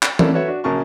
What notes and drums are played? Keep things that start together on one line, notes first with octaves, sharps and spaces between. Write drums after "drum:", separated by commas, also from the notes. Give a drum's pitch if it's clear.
drum: clap
A3 A#3 C#4 D4 E4, drum: tom
F#4 A4 B4 C#5 E5
D4 F#4
A#1 C#3 F#3 A#4 A5 C#6